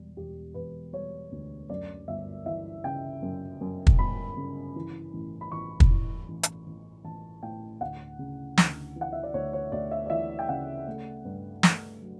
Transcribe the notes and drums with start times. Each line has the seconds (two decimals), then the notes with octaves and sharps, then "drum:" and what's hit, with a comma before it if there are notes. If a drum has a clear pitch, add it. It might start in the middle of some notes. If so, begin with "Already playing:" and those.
Already playing: E1 G3
0.17 E1 G4
0.54 E1 B4
0.93 G3 C#5
1.32 D2
1.70 F#2 D5
2.07 G1 E5
2.46 E3 E5
2.84 C#3 G5
3.22 F#2
3.61 F#2
3.87 drum: kick
3.99 G1 B5
4.37 C#3
4.76 E3
5.14 A1
5.41 B5
5.52 A1 C#6
5.80 drum: kick
5.90 E3
6.29 A1
6.43 drum: hi-hat
6.67 A1
7.04 A1 A5
7.42 A2 G5
7.81 D2 F#5
8.19 C#3
8.58 D2, drum: snare
8.96 E3
9.01 F#5
9.13 E5
9.23 D5
9.34 D2 C#5
9.53 C#5
9.72 D2 D5
9.91 E5
10.06 D5
10.10 E3 E5
10.39 G5
10.49 C#3 F#5
10.87 A3
11.25 G2
11.63 A3, drum: snare
12.02 F#3